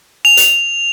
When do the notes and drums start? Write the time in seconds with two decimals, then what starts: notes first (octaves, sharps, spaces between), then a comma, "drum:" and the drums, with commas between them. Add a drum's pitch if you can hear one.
0.25 F7
0.37 drum: hi-hat